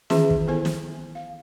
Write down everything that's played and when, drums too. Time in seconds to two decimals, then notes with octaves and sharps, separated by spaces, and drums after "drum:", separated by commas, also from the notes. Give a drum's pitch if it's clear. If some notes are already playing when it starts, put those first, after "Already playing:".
0.10 D#3 E3 C#4 F4 G#4 E5, drum: snare
0.30 drum: kick
0.47 B3 E4 A4 C5 G#5
0.65 drum: snare
1.15 F5